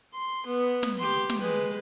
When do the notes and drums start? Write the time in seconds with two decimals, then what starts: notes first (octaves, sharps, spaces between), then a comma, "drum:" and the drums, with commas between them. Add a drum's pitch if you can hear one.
0.13 C6
0.46 B3
0.83 drum: snare
0.99 G4 C6
1.29 drum: snare
1.39 G#3 B4